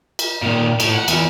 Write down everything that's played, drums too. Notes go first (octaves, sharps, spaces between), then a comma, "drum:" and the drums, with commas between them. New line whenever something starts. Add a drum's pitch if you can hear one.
drum: cymbal
A#2 D#3
A2, drum: cymbal
F#5
E2 E3, drum: cymbal